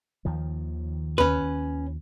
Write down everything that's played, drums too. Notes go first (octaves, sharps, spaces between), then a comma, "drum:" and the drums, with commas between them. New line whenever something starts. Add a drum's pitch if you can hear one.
D#2 D#3 F3
C#4 B4, drum: tom D#2